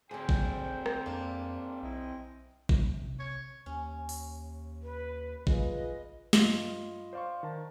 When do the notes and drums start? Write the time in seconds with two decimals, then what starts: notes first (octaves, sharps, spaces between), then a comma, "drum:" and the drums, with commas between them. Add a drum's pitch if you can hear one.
0.11 D2 D3 C4 G#4 C5 G5
0.29 drum: kick G1
0.86 drum: rim click
1.06 F2 A#3 D4
1.82 B1 E4 C5 D#5
2.69 C#4, drum: kick G1
2.90 C3
3.19 C#5
3.66 D#2 C#4
4.09 drum: open hi-hat
4.83 B4
5.47 F4 G#4 B4 D#5, drum: kick G1
6.33 G2 F4 D#5, drum: snare
7.13 C5 D5 F5 C6 C#6
7.43 D#3 A5